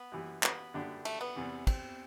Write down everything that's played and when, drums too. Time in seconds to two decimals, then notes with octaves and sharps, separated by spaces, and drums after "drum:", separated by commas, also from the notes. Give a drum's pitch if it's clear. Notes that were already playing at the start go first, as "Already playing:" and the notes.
Already playing: B3
0.12 F#2 E3 G3
0.43 B3, drum: clap
0.74 F#2 D3 G3 D4 G4
1.05 A3, drum: cymbal
1.21 B3
1.36 E2 C3 E3
1.67 C4, drum: kick, cymbal